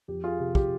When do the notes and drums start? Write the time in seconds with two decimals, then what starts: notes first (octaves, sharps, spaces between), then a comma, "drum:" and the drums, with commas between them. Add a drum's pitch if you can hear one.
0.08 F2 G4
0.24 F4 G#4
0.39 C3 G4
0.55 G4, drum: kick